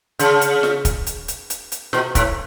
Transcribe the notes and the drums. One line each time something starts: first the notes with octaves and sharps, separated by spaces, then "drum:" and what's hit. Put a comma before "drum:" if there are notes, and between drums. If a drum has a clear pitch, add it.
C#3, drum: hi-hat
drum: hi-hat
drum: snare
drum: kick, hi-hat
drum: hi-hat
drum: hi-hat
drum: hi-hat
drum: hi-hat
B2, drum: snare
A2, drum: kick, hi-hat